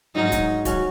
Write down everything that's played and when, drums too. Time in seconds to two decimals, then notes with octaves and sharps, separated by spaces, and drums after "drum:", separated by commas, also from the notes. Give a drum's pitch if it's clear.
0.15 G#2 F#3 C#4 D#4 F#4
0.32 drum: kick D1, hi-hat
0.65 F#3 C#4 F#4, drum: kick D1, hi-hat